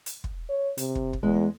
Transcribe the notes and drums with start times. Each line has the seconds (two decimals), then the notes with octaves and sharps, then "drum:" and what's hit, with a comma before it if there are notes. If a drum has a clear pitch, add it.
0.06 drum: hi-hat
0.24 drum: kick
0.49 C#5
0.77 C3, drum: hi-hat
0.95 drum: kick
1.13 drum: kick
1.23 E2 G#3